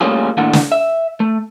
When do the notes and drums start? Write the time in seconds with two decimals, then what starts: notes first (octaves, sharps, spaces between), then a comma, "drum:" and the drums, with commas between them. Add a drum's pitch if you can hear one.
0.01 G3 A3 A#3 C#4 F4 G#4
0.37 D#2 A2 A3 A#3 D4 F#5
0.53 drum: snare
0.72 E5
1.20 A3